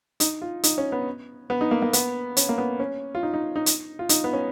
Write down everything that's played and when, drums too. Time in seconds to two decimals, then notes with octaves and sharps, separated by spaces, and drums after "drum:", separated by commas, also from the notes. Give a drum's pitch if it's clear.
0.20 D#4, drum: hi-hat
0.42 F4
0.63 D#4, drum: hi-hat
0.78 C#4
0.92 B3
1.50 B3
1.61 D#4
1.71 A#3
1.82 A#3
1.93 B3, drum: hi-hat
2.37 C#4, drum: hi-hat
2.49 A#3
2.58 B3
2.80 C#4
3.15 F4
3.23 D#4
3.34 D#4
3.56 D#4
3.66 drum: hi-hat
3.99 F4
4.09 D#4, drum: hi-hat
4.24 B3
4.33 C#4